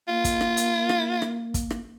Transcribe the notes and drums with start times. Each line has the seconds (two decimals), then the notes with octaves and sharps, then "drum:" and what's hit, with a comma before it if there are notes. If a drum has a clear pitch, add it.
0.08 A#3 F4
0.24 drum: kick, hi-hat
0.41 drum: rim click
0.57 drum: hi-hat
0.89 drum: rim click
1.22 drum: rim click
1.54 drum: kick, hi-hat
1.70 drum: rim click